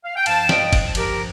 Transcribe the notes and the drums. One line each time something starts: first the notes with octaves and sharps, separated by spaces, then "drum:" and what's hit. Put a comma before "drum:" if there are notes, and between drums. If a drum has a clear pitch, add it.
F5
G5
G2 F3 F5 A5, drum: cymbal
D#5 G5, drum: snare
drum: kick, cymbal
G4 A#4, drum: cymbal